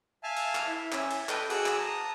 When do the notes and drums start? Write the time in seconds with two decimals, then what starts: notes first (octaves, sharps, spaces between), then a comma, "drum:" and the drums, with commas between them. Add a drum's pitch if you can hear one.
0.23 E5 F5 G#5 A5 F6
0.37 drum: cymbal
0.55 drum: clap
0.68 E4
0.92 C#4 E5, drum: clap
1.11 drum: cymbal
1.29 A4 B4 D#5 G5, drum: clap
1.50 F#4 G#4 F#5 D6 E6 F#6, drum: cymbal
1.66 drum: clap
1.78 A5 A#5 D#6